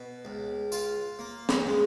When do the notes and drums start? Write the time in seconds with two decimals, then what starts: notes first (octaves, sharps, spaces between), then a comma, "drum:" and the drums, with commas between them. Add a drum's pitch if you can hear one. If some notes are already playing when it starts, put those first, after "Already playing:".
Already playing: B2
0.25 C#2
0.72 F4, drum: tambourine
1.19 A#3
1.49 drum: snare
1.67 G#3